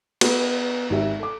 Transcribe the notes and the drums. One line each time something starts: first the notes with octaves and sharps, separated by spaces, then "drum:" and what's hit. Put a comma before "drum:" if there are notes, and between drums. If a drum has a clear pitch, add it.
B3, drum: cymbal
G#1 G4 E5
A4 D6